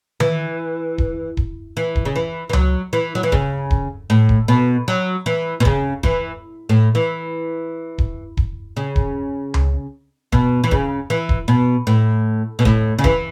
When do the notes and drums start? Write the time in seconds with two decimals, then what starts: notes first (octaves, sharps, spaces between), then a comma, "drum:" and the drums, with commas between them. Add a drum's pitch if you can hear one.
0.20 E3, drum: tom D#3
0.98 drum: kick D#1
1.37 drum: kick D#1
1.77 E3
1.95 drum: kick D#1
2.05 C#3
2.16 E3
2.50 E3
2.53 F#3, drum: tom C#2
2.93 E3
3.15 F#3
3.23 E3
3.32 C#3, drum: kick D#1
3.71 drum: kick D#1
4.10 A2
4.29 drum: kick D#1
4.48 B2
4.88 F#3
5.26 E3
5.60 B2
5.65 C#3, drum: kick D#1
6.03 E3, drum: kick D#1
6.69 A2
6.95 E3
7.98 drum: kick D#1
8.37 drum: kick D#1
8.77 C#3
8.96 drum: kick D#1
9.54 drum: tom C#2
10.32 B2, drum: kick D#1
10.64 E3
10.71 C#3, drum: kick D#1
11.10 E3
11.29 drum: kick D#1
11.48 B2
11.87 A2
12.59 B2
12.65 A2, drum: kick D#1
12.99 C#3
13.04 E3, drum: kick D#1